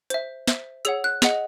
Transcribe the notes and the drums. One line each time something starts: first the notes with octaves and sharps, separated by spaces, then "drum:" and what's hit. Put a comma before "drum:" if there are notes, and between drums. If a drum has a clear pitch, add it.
C5 E5, drum: hi-hat
C5 E5, drum: snare
G#4 C#5 F#5 E6, drum: hi-hat
F#6
G#4 D#5 F#5, drum: snare